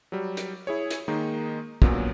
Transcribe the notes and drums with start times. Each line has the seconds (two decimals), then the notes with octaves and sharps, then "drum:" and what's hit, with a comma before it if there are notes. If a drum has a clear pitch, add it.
0.12 F#3 G3
0.37 drum: hi-hat
0.67 E4 G#4 C#5
0.91 drum: hi-hat
1.08 D#3 G#3 A#3 D#4
1.82 G2 A#2 F#3 B3 C#4, drum: kick